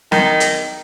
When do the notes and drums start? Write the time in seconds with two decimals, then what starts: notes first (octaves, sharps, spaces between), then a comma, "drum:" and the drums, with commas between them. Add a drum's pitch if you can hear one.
0.12 D#3, drum: snare
0.40 drum: hi-hat